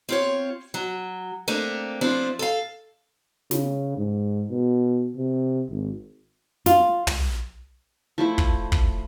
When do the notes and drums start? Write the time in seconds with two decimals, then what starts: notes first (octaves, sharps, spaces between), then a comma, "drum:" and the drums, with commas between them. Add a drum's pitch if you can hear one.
0.09 C4 F4 C#5
0.74 F#3
1.48 A3 A#3 C4 D4
2.01 F3 C4 D4 E4
2.39 A4 F5
3.51 C#3, drum: snare
3.97 G#2
4.51 B2
5.16 C3
5.69 G#1
6.66 F4, drum: snare
7.07 drum: tom
8.18 F3 A3 E4
8.38 drum: kick
8.72 drum: kick